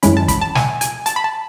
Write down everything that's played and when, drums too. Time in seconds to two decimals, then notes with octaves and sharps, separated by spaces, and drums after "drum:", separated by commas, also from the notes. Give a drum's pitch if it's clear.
0.03 F#2 E3 G#3 C#4 B5, drum: hi-hat
0.17 A5
0.28 B5, drum: kick, hi-hat
0.41 A5
0.55 G#5, drum: snare
0.81 G#5, drum: hi-hat
1.06 A5, drum: hi-hat
1.16 B5
1.24 A5